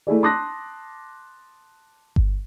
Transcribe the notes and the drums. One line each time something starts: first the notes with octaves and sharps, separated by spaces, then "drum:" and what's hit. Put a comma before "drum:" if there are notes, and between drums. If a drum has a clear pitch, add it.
A3 E4 G#4 D5
A5 C6 D6 D#6 F#6 A#6
drum: kick G1